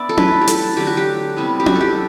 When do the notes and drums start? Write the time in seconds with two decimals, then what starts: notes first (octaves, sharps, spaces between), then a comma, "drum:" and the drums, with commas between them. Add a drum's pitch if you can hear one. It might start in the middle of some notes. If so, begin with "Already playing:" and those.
Already playing: B3 D4 D5 E5 B5
0.09 A4
0.17 F#3 A3 E4 B4, drum: tom C#4
0.41 G4
0.48 A4, drum: hi-hat
0.77 D3 F#3 A3 D4 G4
0.87 F#4
0.97 G4
1.37 C3 G3 B3 E4
1.60 G4
1.66 F#4, drum: tom C#4
1.75 A4
1.81 G4